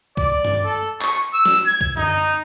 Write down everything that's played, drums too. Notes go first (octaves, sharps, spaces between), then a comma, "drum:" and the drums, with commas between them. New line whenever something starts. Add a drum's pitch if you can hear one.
D5, drum: kick
drum: tom G2
A4
C#6, drum: clap
E6
drum: snare
G#6
drum: kick
D#4, drum: tom F#2